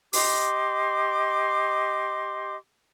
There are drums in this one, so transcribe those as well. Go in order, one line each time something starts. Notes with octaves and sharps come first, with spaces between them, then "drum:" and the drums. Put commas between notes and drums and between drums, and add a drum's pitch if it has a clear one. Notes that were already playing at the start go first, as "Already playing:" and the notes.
G4 D#5 C6 D6, drum: open hi-hat